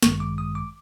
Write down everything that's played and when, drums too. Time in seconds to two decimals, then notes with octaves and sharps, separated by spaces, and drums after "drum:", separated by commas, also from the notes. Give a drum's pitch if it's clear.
0.03 A1 G2 D#3 G#3 C#6, drum: snare
0.20 D6
0.38 D#6
0.55 D6